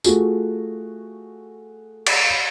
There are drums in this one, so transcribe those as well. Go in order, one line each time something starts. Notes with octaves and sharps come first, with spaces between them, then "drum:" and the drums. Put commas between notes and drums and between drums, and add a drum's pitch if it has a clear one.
A3 F4 F#4 G#4, drum: tambourine
drum: cymbal